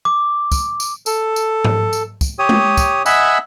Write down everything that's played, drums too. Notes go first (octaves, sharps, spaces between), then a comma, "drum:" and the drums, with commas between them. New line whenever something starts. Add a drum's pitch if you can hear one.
D6
drum: kick, tambourine
drum: tambourine
A4, drum: tambourine
drum: tambourine
drum: tom G#2
drum: tambourine
drum: kick, tambourine
G4 C#5 D#6
drum: tom G#3
drum: kick, tambourine
D#5 E5 F#5 G#5 B5 E6, drum: tambourine